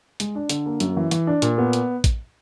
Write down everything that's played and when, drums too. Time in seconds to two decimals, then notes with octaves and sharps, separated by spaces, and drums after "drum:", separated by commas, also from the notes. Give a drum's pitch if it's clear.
0.20 G#3, drum: hi-hat
0.35 D4
0.49 D3, drum: hi-hat
0.66 A#3
0.80 F#2, drum: hi-hat
0.97 E3
1.11 E3, drum: hi-hat
1.27 D4
1.42 A#2, drum: hi-hat
1.58 B3
1.73 drum: hi-hat
2.04 drum: kick A1, hi-hat